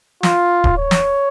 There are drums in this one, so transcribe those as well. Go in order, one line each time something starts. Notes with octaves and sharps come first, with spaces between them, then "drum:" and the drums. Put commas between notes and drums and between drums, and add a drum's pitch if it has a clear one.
F4, drum: snare
drum: kick D1
C#5
drum: snare